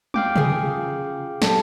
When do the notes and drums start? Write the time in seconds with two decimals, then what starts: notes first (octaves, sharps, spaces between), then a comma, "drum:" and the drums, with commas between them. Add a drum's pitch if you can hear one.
0.14 F5 G5 D6, drum: tom
0.36 C#3 F4 G#4, drum: tom C3
1.42 G3 A4, drum: snare